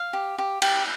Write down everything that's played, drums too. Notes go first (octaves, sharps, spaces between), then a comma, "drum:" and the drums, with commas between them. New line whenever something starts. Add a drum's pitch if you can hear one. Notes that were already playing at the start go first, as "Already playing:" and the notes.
Already playing: F5
G4
G4
G4, drum: cymbal